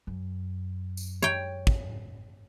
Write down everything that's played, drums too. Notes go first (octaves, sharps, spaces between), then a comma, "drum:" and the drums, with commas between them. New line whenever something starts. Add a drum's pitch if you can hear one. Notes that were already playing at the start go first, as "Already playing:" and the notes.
F#2
drum: tambourine
C#5 G5
drum: kick